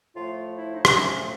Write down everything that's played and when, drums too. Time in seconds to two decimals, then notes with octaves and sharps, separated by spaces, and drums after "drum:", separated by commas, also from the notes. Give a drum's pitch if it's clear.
0.14 A2 F3 A3 F4
0.54 E4
0.74 D#4
0.85 drum: rim click
0.94 A2 F3 A3 C#4